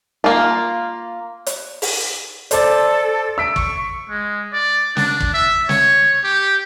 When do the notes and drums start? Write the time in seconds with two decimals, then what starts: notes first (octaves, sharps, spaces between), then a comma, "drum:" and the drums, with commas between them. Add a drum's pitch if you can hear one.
0.24 A#3 F4
1.46 drum: hi-hat
1.82 drum: open hi-hat
2.51 A4 C5 D5, drum: hi-hat
3.38 E6 B6 D7
3.56 C#6, drum: kick
4.10 G#3
4.53 D5
4.97 D4, drum: snare
5.20 drum: kick
5.34 E5
5.69 C#5, drum: snare
6.24 G4